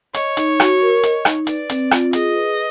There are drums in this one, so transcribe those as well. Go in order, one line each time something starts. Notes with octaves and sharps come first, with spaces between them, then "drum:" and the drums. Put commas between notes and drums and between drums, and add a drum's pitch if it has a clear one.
C#5 D#5, drum: hi-hat
D#4, drum: hi-hat
F#4, drum: rim click
A#4
D#5, drum: hi-hat
D#4, drum: rim click
B4 D5, drum: hi-hat
C4, drum: hi-hat
F4, drum: rim click
G#4 D#5, drum: hi-hat
B4